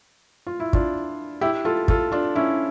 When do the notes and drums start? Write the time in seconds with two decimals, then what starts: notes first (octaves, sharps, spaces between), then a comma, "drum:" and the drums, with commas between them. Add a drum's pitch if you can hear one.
0.47 F4
0.60 E4
0.73 D4 F4, drum: kick
1.41 E4 G4
1.65 F4 A4
1.88 F4 A4, drum: kick
2.12 D4 F4
2.35 C#4 E4